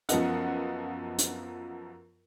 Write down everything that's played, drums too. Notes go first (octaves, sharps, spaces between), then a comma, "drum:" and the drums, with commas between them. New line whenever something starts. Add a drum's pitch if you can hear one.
F#2 F3 B3 D#5 F#5, drum: hi-hat
drum: hi-hat